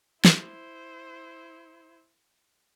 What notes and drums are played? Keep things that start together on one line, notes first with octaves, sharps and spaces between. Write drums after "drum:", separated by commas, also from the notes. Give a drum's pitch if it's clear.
E4 C5, drum: snare